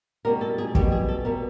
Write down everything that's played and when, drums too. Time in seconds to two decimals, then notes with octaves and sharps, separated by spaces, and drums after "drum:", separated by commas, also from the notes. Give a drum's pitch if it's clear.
0.25 B2 G3 B3 A#4
0.41 A4
0.58 G#4
0.75 B2 G3 B3 G4, drum: kick
0.92 G#4
1.09 A4
1.25 B2 G3 B3 A#4